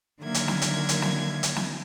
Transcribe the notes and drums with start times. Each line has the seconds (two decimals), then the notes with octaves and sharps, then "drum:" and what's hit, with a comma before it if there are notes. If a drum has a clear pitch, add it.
0.21 D3 D#3 F#3 A#3 E5 G#6
0.34 drum: hi-hat
0.48 drum: snare
0.62 drum: hi-hat
0.89 drum: hi-hat
1.02 drum: snare
1.43 drum: hi-hat
1.56 drum: snare